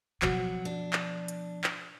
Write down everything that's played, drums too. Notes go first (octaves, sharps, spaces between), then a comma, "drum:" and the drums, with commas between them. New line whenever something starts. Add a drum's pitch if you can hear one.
B2 F3 F#3, drum: clap
D4
drum: clap
drum: hi-hat
drum: clap